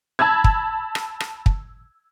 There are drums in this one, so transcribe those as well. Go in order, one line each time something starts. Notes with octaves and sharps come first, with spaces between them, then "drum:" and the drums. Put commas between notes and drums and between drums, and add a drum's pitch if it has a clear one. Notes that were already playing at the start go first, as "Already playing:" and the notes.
A5 B5 E6 G#6
drum: kick
drum: rim click
drum: rim click
drum: kick